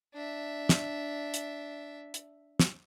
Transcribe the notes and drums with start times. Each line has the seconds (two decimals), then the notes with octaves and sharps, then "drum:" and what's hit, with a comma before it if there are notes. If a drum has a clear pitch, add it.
0.14 D4 E5
0.69 drum: snare
1.34 drum: hi-hat
2.14 drum: hi-hat
2.60 drum: snare